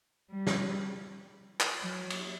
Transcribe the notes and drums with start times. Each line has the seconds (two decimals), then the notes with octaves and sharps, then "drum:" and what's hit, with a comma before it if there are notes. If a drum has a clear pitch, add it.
0.30 G3
0.47 drum: snare
1.60 drum: clap
1.82 F#3
2.10 drum: cymbal